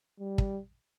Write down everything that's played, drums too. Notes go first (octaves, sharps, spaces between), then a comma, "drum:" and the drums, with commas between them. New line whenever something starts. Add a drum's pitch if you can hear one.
G3
drum: kick